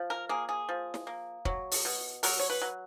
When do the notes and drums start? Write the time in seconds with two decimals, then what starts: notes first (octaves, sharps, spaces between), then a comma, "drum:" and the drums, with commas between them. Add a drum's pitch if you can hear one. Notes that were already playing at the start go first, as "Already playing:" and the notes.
Already playing: F3
0.10 A#4
0.29 A#3 G#4
0.49 G#4
0.69 F3
0.94 drum: snare
1.07 A#3
1.45 F#3, drum: kick
1.71 drum: open hi-hat
1.85 B2
2.23 F#3 A#4, drum: open hi-hat
2.39 C#5
2.50 B4
2.62 F#3